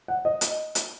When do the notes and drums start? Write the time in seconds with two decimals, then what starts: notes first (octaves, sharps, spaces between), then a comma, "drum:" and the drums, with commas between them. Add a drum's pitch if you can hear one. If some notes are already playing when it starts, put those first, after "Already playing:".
0.08 F#5
0.25 D#5
0.41 drum: hi-hat
0.75 drum: hi-hat